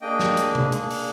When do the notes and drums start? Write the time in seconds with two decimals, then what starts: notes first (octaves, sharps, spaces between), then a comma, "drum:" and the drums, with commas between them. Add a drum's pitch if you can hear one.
0.02 A#3 D4 G#4 D#5 G5
0.19 drum: snare
0.37 drum: hi-hat
0.55 drum: tom C3
0.72 A#3 D4 G#4, drum: hi-hat
0.91 drum: open hi-hat